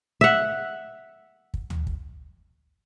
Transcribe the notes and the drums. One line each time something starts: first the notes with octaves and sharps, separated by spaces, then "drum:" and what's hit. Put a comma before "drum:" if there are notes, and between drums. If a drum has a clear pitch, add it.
E5 F#5
drum: kick
drum: tom D2
drum: kick